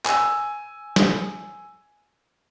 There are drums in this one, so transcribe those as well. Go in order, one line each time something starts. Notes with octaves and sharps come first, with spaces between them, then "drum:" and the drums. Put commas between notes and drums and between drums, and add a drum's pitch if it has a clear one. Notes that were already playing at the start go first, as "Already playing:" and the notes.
G#5 E6, drum: clap
drum: snare